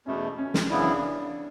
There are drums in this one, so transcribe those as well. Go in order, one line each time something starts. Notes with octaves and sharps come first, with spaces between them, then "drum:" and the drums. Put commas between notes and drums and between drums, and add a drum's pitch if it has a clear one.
E2 B2 A3 C#4
C#4
drum: snare
F#2 C#3 E3 B3 D4 E4